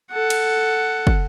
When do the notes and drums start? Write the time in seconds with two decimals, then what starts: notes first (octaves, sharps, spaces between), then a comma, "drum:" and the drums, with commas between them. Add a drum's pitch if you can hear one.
0.11 A4 F#5
0.30 drum: cymbal
1.07 drum: kick